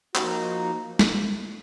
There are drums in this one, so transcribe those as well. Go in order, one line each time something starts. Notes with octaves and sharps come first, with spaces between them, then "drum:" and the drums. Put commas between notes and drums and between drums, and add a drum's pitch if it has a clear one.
F3 A#3 D#4 F#4, drum: clap
drum: snare